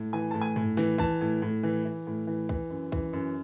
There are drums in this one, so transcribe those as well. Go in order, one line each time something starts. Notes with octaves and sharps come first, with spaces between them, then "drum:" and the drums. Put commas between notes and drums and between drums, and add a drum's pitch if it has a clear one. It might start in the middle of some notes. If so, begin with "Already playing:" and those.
Already playing: A2
E3 G#5
A2 A5
G#5
A2, drum: tom G2
E3, drum: snare
E3 A5, drum: kick
A2
A2
E3
E3
A2
E3
E3, drum: kick
F#2
E3, drum: kick
F#2